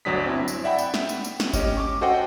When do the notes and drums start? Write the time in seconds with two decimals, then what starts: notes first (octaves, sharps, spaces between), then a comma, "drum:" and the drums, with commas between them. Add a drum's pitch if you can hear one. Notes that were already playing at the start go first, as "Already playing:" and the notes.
0.05 G1 D2 F#3 D4 D#6 B6
0.26 C4 E4
0.48 drum: tambourine
0.64 D5 E5 F#5 G5 B5
0.78 drum: tambourine
0.94 drum: snare
1.09 drum: tambourine
1.24 drum: tambourine
1.40 drum: snare
1.53 C#4 G4 D#5, drum: kick G#1, tambourine
1.77 C#6 D6
2.01 F#4 A4 C5 D#5 F#5 G5